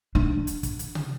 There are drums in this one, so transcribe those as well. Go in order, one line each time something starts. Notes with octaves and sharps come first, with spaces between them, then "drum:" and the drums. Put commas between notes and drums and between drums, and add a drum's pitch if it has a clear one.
D4
drum: hi-hat
drum: kick, hi-hat
drum: hi-hat
drum: tom